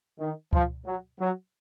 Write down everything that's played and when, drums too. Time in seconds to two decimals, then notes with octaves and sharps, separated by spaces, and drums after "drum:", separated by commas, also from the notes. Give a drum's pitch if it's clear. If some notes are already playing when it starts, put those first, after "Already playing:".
0.19 D#3
0.53 F3, drum: kick C#2
0.86 F#3
1.20 F#3